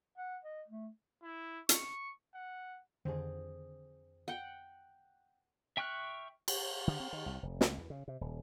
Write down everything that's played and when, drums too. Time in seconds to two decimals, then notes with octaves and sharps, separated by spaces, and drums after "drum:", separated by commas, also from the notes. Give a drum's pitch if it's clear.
0.18 F#5
0.44 D#5
0.68 A3
1.22 E4
1.69 C#6, drum: hi-hat
2.34 F#5
3.05 F2 D3 D#3 C4 G#4
4.28 F#5 G5
5.77 E5 G5 C#6 F6 F#6
6.48 drum: cymbal
6.87 D3
7.00 C4
7.13 D#3
7.26 C2
7.43 F1
7.61 C#2, drum: snare
7.78 E2
7.90 C#3
8.08 C3
8.21 D#1